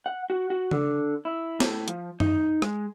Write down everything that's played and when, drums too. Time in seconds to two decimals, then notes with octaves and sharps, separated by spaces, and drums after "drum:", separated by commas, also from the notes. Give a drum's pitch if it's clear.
0.06 F#5
0.30 F#4
0.50 F#4
0.71 D3, drum: tom C#3
1.25 E4
1.60 A2, drum: snare
1.88 F3, drum: hi-hat
2.20 D#4, drum: tom F#2
2.62 G#3, drum: rim click